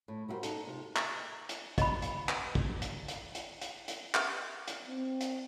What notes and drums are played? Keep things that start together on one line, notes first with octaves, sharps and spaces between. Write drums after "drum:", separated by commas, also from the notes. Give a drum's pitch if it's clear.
A2
G3 E4 F#4 G#4 A#4 C5
D#4 A4, drum: hi-hat
C3 F4
drum: clap
drum: hi-hat
D#5 B5, drum: kick, hi-hat
drum: hi-hat
drum: clap
drum: kick
drum: hi-hat
drum: hi-hat
drum: hi-hat
drum: hi-hat
drum: hi-hat
drum: clap
drum: hi-hat
C4
drum: hi-hat